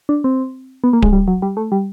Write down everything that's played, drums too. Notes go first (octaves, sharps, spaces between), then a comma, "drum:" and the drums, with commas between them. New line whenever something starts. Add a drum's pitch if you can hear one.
D4
C4
B3
A#3
G#3, drum: kick D1
G3
F#3
G3
A3
G3